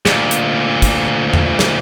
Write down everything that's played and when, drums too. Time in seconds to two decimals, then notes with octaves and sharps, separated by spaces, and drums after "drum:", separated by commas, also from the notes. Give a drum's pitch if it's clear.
0.05 D2 A#2, drum: snare
0.31 drum: hi-hat
0.82 drum: kick, hi-hat
1.33 drum: tom E2
1.59 drum: snare